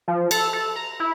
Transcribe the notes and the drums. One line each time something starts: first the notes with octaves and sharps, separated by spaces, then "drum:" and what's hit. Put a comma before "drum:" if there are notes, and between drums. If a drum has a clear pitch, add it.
F3
A4, drum: cymbal
A4
A#5
E4